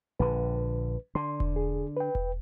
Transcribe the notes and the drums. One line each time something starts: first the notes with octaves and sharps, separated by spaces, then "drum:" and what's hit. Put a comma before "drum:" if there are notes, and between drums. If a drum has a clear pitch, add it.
A#1 D3 B4
D3 C6
drum: kick E1
G#4
B4 G5
drum: kick E1